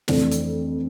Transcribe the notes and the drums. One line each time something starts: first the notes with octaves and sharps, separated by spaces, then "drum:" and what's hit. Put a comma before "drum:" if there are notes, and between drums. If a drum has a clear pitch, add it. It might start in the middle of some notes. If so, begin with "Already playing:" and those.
F2 E3 A3 D4 A4, drum: snare
drum: hi-hat